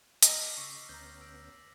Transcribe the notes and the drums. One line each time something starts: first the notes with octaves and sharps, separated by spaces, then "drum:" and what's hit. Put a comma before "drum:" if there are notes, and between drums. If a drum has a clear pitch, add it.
A#3 D#5 A5 A#5 F6, drum: hi-hat
A4 D6 B6 C7
C#3 C#6 E6 A#6
D2 B3 C#4 A#5 G6 A6 A#6
E6 A#6 D7